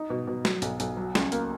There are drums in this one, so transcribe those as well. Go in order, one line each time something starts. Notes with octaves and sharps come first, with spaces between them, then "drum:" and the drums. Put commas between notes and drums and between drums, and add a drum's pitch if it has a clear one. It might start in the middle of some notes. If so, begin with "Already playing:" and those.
Already playing: D#4
B2
B2
F#3, drum: snare
B1, drum: hi-hat
B1, drum: hi-hat
F#3
C#2, drum: snare
A#3, drum: hi-hat